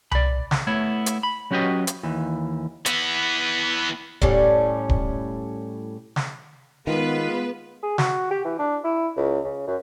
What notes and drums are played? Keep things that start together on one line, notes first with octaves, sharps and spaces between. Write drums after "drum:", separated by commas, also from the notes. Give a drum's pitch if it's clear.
D5 B5, drum: tom C2
drum: snare
A3 B3 E4 C#5
drum: hi-hat
B5
F#3 C#4 F#4 G4 B4 D#5
drum: hi-hat
D#2 E3
E3 B3, drum: hi-hat
A2 G3 C#4, drum: kick D1
drum: kick D1
drum: snare
D#3 G#3 B3 F4 B4
G#4
F#4, drum: snare
G4
E3
D4
E4
C#2
C#3
F#2